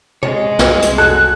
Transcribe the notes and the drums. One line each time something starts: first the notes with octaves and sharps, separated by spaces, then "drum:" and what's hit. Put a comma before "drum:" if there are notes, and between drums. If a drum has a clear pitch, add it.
C3 G#3 C#5
C2, drum: snare
drum: hi-hat
F#4 G#4 A4 F#6